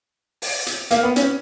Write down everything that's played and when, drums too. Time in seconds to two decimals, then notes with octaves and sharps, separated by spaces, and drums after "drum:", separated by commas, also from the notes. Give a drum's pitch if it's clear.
0.42 drum: open hi-hat
0.67 drum: hi-hat
0.91 A#3, drum: hi-hat
1.03 B3
1.16 C#4, drum: hi-hat